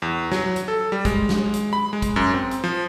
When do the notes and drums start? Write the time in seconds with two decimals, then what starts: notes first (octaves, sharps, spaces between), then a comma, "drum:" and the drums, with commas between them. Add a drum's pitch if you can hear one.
0.02 E2
0.32 F#3, drum: snare
0.56 drum: hi-hat
0.68 A4
0.92 G3
1.05 G#3, drum: kick, hi-hat
1.29 drum: snare
1.54 drum: hi-hat
1.73 B5
1.93 G#3
2.02 drum: kick, hi-hat
2.16 F#2
2.34 C4
2.51 drum: hi-hat
2.64 F3